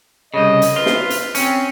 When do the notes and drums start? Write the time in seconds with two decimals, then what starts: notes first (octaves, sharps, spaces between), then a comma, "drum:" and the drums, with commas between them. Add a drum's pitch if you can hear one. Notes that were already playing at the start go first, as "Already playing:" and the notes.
0.34 C2 C#3 D#5
0.62 drum: hi-hat
0.76 F4 B4
0.86 drum: snare
1.10 drum: hi-hat
1.35 C4 C#4, drum: hi-hat